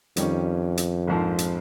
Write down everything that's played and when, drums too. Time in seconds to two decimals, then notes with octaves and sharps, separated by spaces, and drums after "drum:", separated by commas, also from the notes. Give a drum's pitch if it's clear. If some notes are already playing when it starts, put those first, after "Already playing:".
0.16 F2 D#3 G3 C#4, drum: hi-hat
0.78 drum: hi-hat
1.07 A#1 G#2 F3 C4
1.38 drum: hi-hat